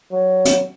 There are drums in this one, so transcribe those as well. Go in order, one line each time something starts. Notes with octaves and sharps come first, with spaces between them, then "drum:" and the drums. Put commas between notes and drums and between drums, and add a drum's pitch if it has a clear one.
F#3
drum: hi-hat